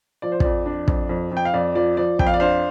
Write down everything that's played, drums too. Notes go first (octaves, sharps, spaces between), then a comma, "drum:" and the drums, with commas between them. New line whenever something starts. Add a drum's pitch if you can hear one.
F3 D5
C5
F2 D5, drum: kick
D4
F2, drum: kick
F2
F2 G5
F5
F2 D5
F3 D5
F3 D5
F2 G5, drum: kick
F5
D5
D4 C5 F5